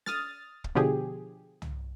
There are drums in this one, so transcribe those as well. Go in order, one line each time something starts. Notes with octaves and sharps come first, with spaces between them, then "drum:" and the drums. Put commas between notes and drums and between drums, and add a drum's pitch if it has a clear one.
D#6 F6 A6, drum: snare
drum: kick
B2 D3 F3 G4 G#4
drum: tom